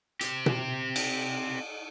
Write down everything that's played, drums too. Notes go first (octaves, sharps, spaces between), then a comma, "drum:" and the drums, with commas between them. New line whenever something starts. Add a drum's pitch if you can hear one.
C4 G4, drum: hi-hat
drum: tom B2
drum: cymbal